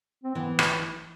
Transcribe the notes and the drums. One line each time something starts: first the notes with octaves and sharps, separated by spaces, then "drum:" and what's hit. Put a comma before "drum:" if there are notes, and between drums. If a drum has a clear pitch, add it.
C4
E3 B3
drum: rim click